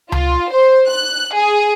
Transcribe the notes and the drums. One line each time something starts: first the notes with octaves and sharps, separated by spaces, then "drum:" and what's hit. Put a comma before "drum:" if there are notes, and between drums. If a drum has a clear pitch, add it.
F4, drum: tom C#2
C5
F#6
G#4